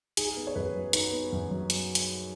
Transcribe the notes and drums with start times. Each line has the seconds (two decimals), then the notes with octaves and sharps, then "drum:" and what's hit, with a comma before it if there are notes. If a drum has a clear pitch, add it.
0.17 D#4 G#4, drum: hi-hat
0.37 B3
0.47 C#5
0.56 F#2 B4
0.75 F#3
0.93 D#4 B4, drum: hi-hat
1.12 B3
1.32 F#2
1.51 F#3
1.70 drum: hi-hat
1.95 drum: hi-hat